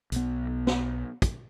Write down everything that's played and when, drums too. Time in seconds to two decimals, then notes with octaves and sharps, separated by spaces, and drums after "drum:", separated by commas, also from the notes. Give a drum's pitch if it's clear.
0.12 B1 B3, drum: hi-hat
0.67 drum: snare
1.22 drum: kick, hi-hat